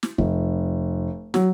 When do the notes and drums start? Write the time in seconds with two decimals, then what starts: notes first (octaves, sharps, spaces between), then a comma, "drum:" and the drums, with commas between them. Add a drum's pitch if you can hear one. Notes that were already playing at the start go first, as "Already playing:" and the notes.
0.03 drum: snare
0.18 F1, drum: kick
1.34 F#3, drum: snare